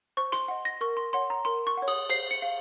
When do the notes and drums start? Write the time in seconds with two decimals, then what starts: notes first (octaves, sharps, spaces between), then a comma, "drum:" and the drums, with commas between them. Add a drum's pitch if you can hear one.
0.17 C5 C#6
0.32 C6, drum: hi-hat
0.48 D#5 F#5
0.65 A#6
0.81 A#4 C#6
0.97 C6
1.13 C#5 F#5 C6
1.30 A#5
1.45 A#4 C6
1.67 C#6
1.77 C#5 F#5
1.88 D#6, drum: cymbal
2.10 C5 C7, drum: cymbal
2.31 C#7
2.42 F5